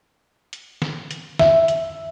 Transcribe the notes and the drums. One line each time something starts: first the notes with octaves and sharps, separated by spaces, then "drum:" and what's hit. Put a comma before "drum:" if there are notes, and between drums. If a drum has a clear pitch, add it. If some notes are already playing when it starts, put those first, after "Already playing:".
drum: hi-hat
drum: snare
drum: hi-hat
E5, drum: snare
drum: hi-hat